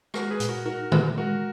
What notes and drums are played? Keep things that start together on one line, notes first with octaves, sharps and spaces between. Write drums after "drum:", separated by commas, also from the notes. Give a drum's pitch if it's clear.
G#3 F#4 A#4, drum: rim click
G#4 B4
A#2, drum: hi-hat
F#4 A#4
D#4 F#4 A#4
A#2, drum: tom D3
G#3 F#4 A#4